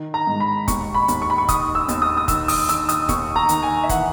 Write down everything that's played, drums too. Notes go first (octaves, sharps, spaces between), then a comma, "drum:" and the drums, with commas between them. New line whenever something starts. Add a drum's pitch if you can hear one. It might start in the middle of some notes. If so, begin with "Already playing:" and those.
Already playing: D#3
A#5
G#2
B5
D#2 C#6, drum: kick, hi-hat
B5
D#2, drum: hi-hat
C#6
B5
C#6
D#3 D#6, drum: kick, hi-hat
E6
D#2, drum: hi-hat
D#6
D#6
D#3 E6, drum: kick, hi-hat
D#6, drum: open hi-hat
D#3 E6, drum: hi-hat
D#6, drum: hi-hat
D#2 C#6, drum: kick, hi-hat
A#5
D#3, drum: hi-hat
G#5
E5
E3 F#5, drum: kick, hi-hat